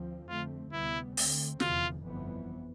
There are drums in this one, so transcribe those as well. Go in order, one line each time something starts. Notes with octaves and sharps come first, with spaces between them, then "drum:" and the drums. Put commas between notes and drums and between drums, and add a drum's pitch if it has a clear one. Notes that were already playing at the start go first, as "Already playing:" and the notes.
Already playing: D2 D3 F3 C4
F2 D3 A3 C4 F4
D2 C3 G3 B3 E4
D2 D3 A3 C4, drum: open hi-hat
F1 E2 D3 F4, drum: snare
G1 F2 E3 B3